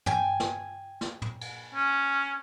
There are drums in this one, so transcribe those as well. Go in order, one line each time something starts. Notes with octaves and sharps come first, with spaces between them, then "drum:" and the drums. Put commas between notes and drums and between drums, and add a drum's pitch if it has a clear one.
G5 G#5, drum: tom
drum: snare
drum: snare
drum: tom
drum: cymbal
C#4